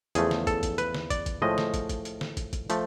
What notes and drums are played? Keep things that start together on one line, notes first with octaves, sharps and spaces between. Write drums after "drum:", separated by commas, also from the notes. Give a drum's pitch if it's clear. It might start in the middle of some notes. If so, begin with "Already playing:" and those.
E2 C#3 F3 A3 G#4, drum: hi-hat
drum: snare
A4, drum: kick, hi-hat
drum: kick, hi-hat
B4, drum: hi-hat
drum: snare
D5, drum: kick, hi-hat
drum: kick, hi-hat
A2 F3 G#3 D#5
drum: snare
drum: kick, hi-hat
drum: kick, hi-hat
drum: hi-hat
drum: snare
drum: kick, hi-hat
drum: kick, hi-hat
F3 A3, drum: hi-hat